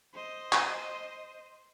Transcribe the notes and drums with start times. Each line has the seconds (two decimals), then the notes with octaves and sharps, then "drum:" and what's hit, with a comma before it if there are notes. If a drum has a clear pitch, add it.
0.14 C5 D#5
0.53 drum: clap